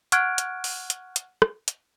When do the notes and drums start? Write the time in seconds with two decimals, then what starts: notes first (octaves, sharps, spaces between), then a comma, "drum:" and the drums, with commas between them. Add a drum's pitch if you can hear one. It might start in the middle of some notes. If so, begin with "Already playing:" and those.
0.12 F#5 C#6 F6 F#6 G#6 D7, drum: hi-hat
0.38 drum: hi-hat
0.64 drum: open hi-hat
0.90 drum: hi-hat
1.16 drum: hi-hat
1.42 drum: rim click
1.68 drum: hi-hat